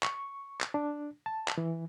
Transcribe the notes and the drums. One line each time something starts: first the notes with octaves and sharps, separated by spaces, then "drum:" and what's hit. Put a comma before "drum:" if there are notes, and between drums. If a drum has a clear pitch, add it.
C#6, drum: clap
drum: clap
D4
A5
drum: clap
E3